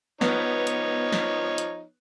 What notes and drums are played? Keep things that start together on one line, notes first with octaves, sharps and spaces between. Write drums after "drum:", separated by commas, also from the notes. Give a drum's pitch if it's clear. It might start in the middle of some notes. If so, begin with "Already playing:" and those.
F3 B3 D#4 C#5, drum: snare
drum: hi-hat
drum: snare
drum: hi-hat